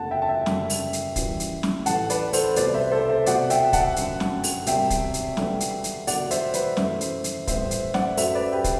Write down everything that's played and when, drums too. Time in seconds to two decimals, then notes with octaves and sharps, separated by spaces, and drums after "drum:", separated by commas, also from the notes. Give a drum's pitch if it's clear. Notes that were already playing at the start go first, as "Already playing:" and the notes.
Already playing: F#1 E2 D3 A3 F#5 A5
0.11 E5 G5
0.22 A5
0.29 E5 G5
0.46 F#1 F#2 D3 G3, drum: snare
0.70 drum: open hi-hat
0.93 drum: hi-hat
1.16 F#2 E3 G3, drum: kick, hi-hat
1.40 drum: hi-hat
1.63 drum: snare
1.86 A1 A2 E3 A3 F#5 A5, drum: hi-hat
2.10 B4 D5, drum: hi-hat
2.33 A4 C5, drum: open hi-hat
2.56 C2 B2 A3 B4 D5, drum: hi-hat
2.74 C5 E5
2.92 A4 C5
3.09 C5 E5
3.26 C2 B2 F#3 A3 D5 F#5, drum: hi-hat
3.50 E5 G5, drum: hi-hat
3.73 F#5 A5, drum: kick, hi-hat
3.96 G1 F#2 F#3, drum: hi-hat
4.20 drum: snare
4.44 drum: open hi-hat
4.66 E1 E2 C3 G3 E5 G5, drum: hi-hat
4.90 drum: kick, hi-hat
5.14 drum: hi-hat
5.37 D2 D3 G3 B3, drum: snare
5.60 drum: hi-hat
5.84 drum: hi-hat
6.07 E1 E2 D3 F#3 D5 F#5, drum: open hi-hat
6.31 C5 E5, drum: hi-hat
6.54 B4 D5, drum: hi-hat
6.77 F#2 E3 A3 C5 E5, drum: snare
7.01 drum: hi-hat
7.24 drum: hi-hat
7.47 A1 A2 G3 B3 C5 E5, drum: kick, hi-hat
7.71 drum: hi-hat
7.94 D5 F#5, drum: snare
8.17 F#2 F#3 A3 C5 E5, drum: open hi-hat
8.35 B4 D5
8.52 G4 B4
8.64 drum: kick, hi-hat